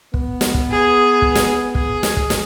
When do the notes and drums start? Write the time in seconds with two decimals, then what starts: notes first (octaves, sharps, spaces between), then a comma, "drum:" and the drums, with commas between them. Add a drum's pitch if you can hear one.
0.14 B3, drum: kick
0.41 drum: snare
0.54 drum: kick
0.71 G#4
1.22 drum: kick
1.35 drum: snare
1.75 G#4, drum: kick
2.03 drum: snare
2.17 drum: kick
2.30 drum: snare